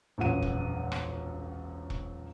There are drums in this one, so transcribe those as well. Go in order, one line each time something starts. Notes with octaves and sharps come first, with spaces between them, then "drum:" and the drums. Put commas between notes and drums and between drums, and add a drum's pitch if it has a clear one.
E1 A#1 F#2 F4 F#5 D#7
drum: kick E1
drum: rim click
drum: kick E1